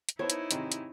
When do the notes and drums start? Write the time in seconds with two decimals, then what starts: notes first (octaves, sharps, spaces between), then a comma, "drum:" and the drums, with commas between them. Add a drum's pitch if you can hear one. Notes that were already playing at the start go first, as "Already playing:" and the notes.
0.09 drum: hi-hat
0.19 B3 D#4 E4 C5 C#5 A5
0.30 drum: hi-hat
0.51 G#2 C3 D#3, drum: hi-hat
0.72 drum: hi-hat